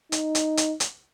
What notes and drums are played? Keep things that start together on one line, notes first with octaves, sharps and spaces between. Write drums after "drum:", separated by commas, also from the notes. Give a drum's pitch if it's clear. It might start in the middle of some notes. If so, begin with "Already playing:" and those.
D#4, drum: hi-hat
drum: hi-hat
drum: hi-hat
drum: hi-hat